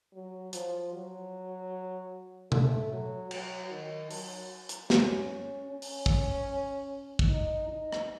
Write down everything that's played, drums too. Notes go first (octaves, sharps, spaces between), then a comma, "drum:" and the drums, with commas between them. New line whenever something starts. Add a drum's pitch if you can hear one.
F#3
F3, drum: hi-hat
F#3
A3, drum: tom B2
F#3
F#3, drum: cymbal
D#3
F#3, drum: open hi-hat
drum: hi-hat
C#4, drum: snare
C#4
drum: open hi-hat
drum: kick
drum: kick
D#4
D#4
drum: rim click